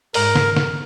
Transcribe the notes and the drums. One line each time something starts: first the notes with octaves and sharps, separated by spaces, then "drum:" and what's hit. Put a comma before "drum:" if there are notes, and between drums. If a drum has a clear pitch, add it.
G#2 A#4, drum: open hi-hat
drum: snare
drum: snare